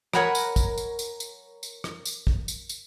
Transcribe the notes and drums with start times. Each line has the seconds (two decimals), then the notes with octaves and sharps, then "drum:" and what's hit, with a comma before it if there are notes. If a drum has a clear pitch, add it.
0.13 A#4 C#5 F#5 G#5 A#5 B5, drum: rim click
0.35 drum: tambourine
0.56 drum: kick, tambourine
0.77 drum: tambourine
0.99 drum: tambourine
1.20 drum: tambourine
1.63 drum: tambourine
1.84 drum: rim click
2.05 drum: tambourine
2.27 drum: kick
2.48 drum: tambourine
2.69 drum: tambourine